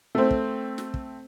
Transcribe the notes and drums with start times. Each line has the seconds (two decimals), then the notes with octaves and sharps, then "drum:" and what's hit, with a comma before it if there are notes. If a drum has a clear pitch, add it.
0.15 A3 C4
0.31 drum: kick
0.78 drum: snare
0.94 drum: kick